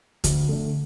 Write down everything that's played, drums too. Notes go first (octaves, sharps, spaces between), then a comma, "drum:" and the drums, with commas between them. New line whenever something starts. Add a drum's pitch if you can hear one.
D2, drum: kick, hi-hat
D3 A3